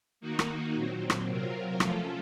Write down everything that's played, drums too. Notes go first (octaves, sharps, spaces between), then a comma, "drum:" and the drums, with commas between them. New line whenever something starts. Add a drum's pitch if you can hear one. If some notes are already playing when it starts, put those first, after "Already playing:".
D#3 A#3 D#4 F#4
drum: rim click
A#2 F#3 C4
drum: rim click
C3 F#3 C4 F4 A#4
F3 A3 C#4 F4 A4, drum: rim click